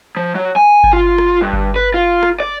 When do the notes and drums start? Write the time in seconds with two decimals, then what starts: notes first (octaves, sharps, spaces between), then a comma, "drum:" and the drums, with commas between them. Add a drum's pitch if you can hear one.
0.17 F3
0.35 F#3
0.56 G#5
0.84 drum: kick G1
0.93 F4
1.18 drum: rim click
1.41 G2
1.53 drum: kick G1
1.76 B4
1.94 F4
2.23 drum: rim click
2.40 D5